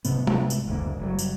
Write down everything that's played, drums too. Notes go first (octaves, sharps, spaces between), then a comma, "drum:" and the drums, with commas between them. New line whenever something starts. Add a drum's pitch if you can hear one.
C2 G#2 C3 B3, drum: tambourine
drum: tom
drum: tambourine
F#1 D2 G#2 A#3
F#1 F#3 G3
drum: tambourine